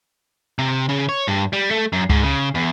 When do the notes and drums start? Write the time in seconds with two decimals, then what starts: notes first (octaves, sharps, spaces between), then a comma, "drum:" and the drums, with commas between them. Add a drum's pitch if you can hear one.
0.59 C3
0.89 C#3
1.09 C#5
1.28 G2
1.53 G3
1.71 A3
1.93 F#2
2.10 G#2, drum: tom C#2
2.24 C#3
2.55 E2